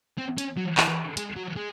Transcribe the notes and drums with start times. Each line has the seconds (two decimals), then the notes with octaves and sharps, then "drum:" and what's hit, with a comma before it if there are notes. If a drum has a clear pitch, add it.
0.18 C4
0.38 C#4, drum: hi-hat
0.57 F#3
0.77 E3, drum: clap
1.17 G#3, drum: hi-hat
1.36 F#3
1.56 G#3